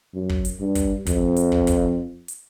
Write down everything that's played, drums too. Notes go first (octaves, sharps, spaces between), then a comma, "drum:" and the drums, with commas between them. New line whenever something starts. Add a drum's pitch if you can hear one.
F#2
drum: kick
drum: hi-hat
G2
drum: kick, hi-hat
F2, drum: kick, hi-hat
drum: hi-hat
drum: kick
drum: kick, hi-hat
drum: hi-hat